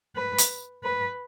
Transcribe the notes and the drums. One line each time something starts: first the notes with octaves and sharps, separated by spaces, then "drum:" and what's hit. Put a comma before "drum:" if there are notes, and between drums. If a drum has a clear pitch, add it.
B4
drum: hi-hat
B4